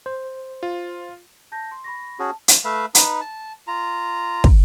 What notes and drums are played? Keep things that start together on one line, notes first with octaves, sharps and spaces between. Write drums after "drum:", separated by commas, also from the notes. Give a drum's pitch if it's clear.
C5
F4
A5 G6 A#6
C6
B5 C#6 A#6
C#4 F#4 G#4 A5
drum: hi-hat
A3 B4 E5 F5
D#4 B4, drum: hi-hat
A5
F4 A#5
drum: kick